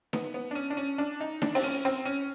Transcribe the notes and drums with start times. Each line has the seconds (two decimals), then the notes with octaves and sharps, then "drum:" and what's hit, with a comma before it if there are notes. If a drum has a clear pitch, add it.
0.13 B3, drum: snare D#4
0.34 B3
0.51 D4
0.55 C#4
0.70 D4
0.77 C#4
0.98 D4
1.20 D#4
1.42 D4, drum: snare D#4
1.55 C4, drum: open hi-hat
1.63 C#4
1.85 C4
2.05 C#4